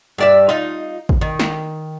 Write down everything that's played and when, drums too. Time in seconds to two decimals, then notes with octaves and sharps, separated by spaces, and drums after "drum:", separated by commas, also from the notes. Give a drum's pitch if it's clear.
0.18 G2 D5 E5
0.49 D#4 F4
1.09 drum: kick
1.21 D#3
1.39 drum: snare